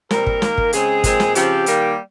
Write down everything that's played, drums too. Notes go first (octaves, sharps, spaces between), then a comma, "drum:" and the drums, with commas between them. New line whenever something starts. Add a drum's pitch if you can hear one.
A#2 G3 C4 A#4, drum: snare
drum: kick
D#3 A#3, drum: snare
drum: kick
C#3 G#3 C4 G#4, drum: hi-hat
A#2 G#3 C4, drum: kick, hi-hat
drum: snare
C#3 F3 C4 G4, drum: hi-hat
D#3 G3 A#3, drum: hi-hat